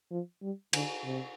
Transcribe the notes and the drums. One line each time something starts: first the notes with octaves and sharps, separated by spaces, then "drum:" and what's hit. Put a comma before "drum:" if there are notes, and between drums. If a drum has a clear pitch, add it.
F3
G3
D3, drum: cymbal
C3